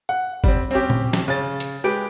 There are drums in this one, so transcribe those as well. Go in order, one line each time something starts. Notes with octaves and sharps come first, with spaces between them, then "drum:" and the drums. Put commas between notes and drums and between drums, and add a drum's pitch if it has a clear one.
F#5
G3 C4, drum: kick G1
C4 C#4 G4
drum: tom A#2
drum: snare
C#3 A6
drum: hi-hat
G#3 G4 B4 D7